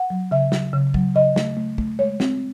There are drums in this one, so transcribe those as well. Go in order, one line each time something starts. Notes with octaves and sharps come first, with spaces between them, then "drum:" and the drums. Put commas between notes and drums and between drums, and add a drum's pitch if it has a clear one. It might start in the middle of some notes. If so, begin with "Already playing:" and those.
Already playing: F#5
F#3
C#3 E5
F#3, drum: snare
C#3
F#3, drum: kick
C#3 D#5
A3, drum: snare
A3
A3, drum: kick
G#3 C#5
C4, drum: snare